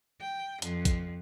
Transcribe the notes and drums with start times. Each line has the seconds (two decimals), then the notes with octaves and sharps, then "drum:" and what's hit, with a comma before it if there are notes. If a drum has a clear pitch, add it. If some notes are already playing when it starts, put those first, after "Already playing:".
0.21 G5
0.62 F2, drum: hi-hat
0.85 drum: kick, hi-hat